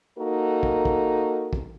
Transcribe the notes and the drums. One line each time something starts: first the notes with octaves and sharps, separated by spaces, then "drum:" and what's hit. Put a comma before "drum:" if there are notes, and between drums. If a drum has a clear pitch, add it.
A#3 D#4 F#4 A4 A#4
drum: kick
drum: kick
drum: kick